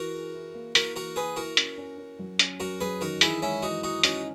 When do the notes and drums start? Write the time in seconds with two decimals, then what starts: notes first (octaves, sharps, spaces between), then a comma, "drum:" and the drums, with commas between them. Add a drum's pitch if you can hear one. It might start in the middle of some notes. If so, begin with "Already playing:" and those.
Already playing: E3 F#4 A#4
0.14 G#4
0.34 E4
0.54 A#3
0.75 E4 F#4 A#4, drum: hi-hat
0.96 E3 F#4 A#4
1.16 E4 G#4 B4
1.36 E4 F#4 A#4
1.57 C#4, drum: hi-hat
1.78 C#4
1.98 C#4
2.19 F#3
2.39 C#4, drum: hi-hat
2.60 F#3 F#4 A#4
2.81 F#3 G#4 B4
3.01 D#3 F#4 A#4
3.21 E3 E4 G#4, drum: hi-hat
3.42 G#3 C#4 E4
3.62 E3 D#4 F#4
3.83 E3 D#4 F#4
4.03 C#4 D#4 F#4, drum: hi-hat